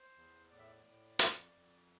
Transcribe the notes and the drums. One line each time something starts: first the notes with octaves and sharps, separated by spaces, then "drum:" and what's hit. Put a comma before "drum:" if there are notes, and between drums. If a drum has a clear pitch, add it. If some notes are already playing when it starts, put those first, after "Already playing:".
Already playing: C5
E2
A2 D5
E5
D5
A2
F2, drum: hi-hat
F2